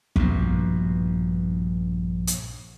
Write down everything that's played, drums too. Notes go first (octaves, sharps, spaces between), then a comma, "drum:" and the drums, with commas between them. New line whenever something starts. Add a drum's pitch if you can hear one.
A#1 G2 B2, drum: kick
drum: hi-hat